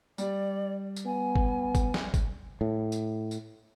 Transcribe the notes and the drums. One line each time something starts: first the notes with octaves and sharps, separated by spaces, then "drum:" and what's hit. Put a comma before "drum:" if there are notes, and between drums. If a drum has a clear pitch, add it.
G3 D5, drum: tambourine
drum: tambourine
B3 G#5
drum: kick G1
drum: kick G1, tambourine
drum: snare
drum: kick G1, tambourine
A2
drum: tambourine
drum: tambourine